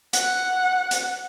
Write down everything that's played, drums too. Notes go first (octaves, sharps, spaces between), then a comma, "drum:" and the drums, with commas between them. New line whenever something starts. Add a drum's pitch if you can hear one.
F#5, drum: hi-hat
drum: hi-hat